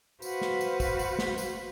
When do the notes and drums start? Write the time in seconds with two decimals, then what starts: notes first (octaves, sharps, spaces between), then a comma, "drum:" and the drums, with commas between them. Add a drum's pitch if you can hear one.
0.22 F#4 B4 C5 F5 F#5, drum: tambourine
0.41 drum: snare
0.61 drum: tambourine
0.80 drum: kick, tambourine
0.99 drum: tambourine
1.19 drum: snare
1.38 drum: tambourine